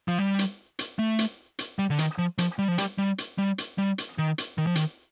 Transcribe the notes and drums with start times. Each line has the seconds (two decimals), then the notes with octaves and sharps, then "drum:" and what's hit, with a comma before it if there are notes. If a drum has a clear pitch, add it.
0.08 F3
0.19 G3
0.39 drum: hi-hat
0.79 drum: hi-hat
0.99 A3
1.19 drum: hi-hat
1.59 drum: hi-hat
1.79 G3
1.90 D3
1.99 D#3, drum: hi-hat
2.18 F3
2.38 F3, drum: hi-hat
2.59 G3
2.68 F3
2.78 G3, drum: hi-hat
2.98 G3
3.18 drum: hi-hat
3.38 G3
3.58 drum: hi-hat
3.78 G3
3.98 drum: hi-hat
4.18 D#3
4.38 drum: hi-hat
4.58 D#3
4.67 F3
4.75 D#3, drum: hi-hat